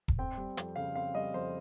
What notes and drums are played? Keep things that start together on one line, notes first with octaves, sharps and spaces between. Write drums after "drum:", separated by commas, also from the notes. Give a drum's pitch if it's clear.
drum: kick E1
C4 G5
G3
F2, drum: hi-hat
C#3 F5
C4 F5
G3 D#5
F2 C5